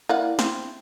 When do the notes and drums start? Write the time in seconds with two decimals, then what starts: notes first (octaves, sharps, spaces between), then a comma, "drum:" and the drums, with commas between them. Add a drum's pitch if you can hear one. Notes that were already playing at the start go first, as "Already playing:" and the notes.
0.09 A#3 E4 D5 F#5
0.39 C4, drum: snare